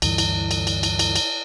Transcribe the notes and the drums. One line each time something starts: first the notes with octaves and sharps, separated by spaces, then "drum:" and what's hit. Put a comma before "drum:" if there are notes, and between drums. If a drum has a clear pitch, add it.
D2 G2 E3, drum: cymbal
drum: cymbal
drum: cymbal
drum: cymbal
drum: cymbal
drum: cymbal
drum: cymbal